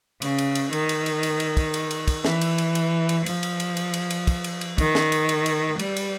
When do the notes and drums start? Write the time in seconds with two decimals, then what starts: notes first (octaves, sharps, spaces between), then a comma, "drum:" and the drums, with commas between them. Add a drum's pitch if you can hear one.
0.22 C#3, drum: cymbal
0.38 drum: cymbal
0.55 drum: cymbal
0.73 D#3, drum: cymbal
0.89 drum: cymbal
1.06 drum: cymbal
1.23 drum: cymbal
1.40 drum: cymbal
1.57 drum: kick, cymbal
1.74 drum: cymbal
1.91 drum: cymbal
2.08 drum: kick, cymbal
2.25 E3, drum: snare
2.41 drum: cymbal
2.58 drum: cymbal
2.75 drum: cymbal
3.09 drum: cymbal
3.26 F3, drum: cymbal
3.43 drum: cymbal
3.60 drum: cymbal
3.77 drum: cymbal
3.94 drum: cymbal
4.10 drum: cymbal
4.27 drum: kick, cymbal
4.44 drum: cymbal
4.61 drum: cymbal
4.78 D#3, drum: kick, cymbal
4.95 drum: snare
5.12 drum: cymbal
5.29 drum: cymbal
5.46 drum: cymbal
5.79 G3, drum: cymbal
5.97 drum: cymbal